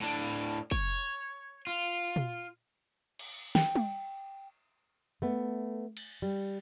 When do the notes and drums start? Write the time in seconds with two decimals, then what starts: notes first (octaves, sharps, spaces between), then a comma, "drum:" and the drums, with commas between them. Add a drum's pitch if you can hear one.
0.01 A2 D4
0.71 C#5, drum: kick
1.67 F4
2.16 drum: tom
3.19 drum: cymbal
3.55 G5, drum: snare
3.75 drum: tom
5.22 A3 B3
5.97 drum: cymbal
6.22 G3